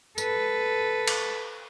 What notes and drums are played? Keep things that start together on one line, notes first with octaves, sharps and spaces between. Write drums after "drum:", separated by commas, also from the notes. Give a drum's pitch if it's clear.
A4 B4, drum: tambourine
drum: cymbal